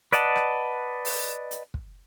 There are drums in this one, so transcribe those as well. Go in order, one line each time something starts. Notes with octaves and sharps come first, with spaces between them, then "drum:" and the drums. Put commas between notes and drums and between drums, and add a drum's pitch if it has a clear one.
B4 D5 D#5 F#5 A5, drum: hi-hat
drum: rim click
drum: open hi-hat
drum: hi-hat
drum: kick